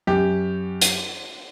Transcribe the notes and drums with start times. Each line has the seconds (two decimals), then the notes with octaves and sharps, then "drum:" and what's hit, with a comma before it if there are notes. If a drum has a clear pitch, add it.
0.07 F#2 G4
0.81 drum: hi-hat